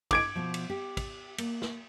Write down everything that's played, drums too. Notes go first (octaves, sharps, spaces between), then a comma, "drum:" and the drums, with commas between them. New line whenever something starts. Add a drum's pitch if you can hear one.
D6 G#6 D7, drum: kick, cymbal
B2 F3
drum: cymbal
G4
drum: kick, cymbal
A#3, drum: cymbal
drum: snare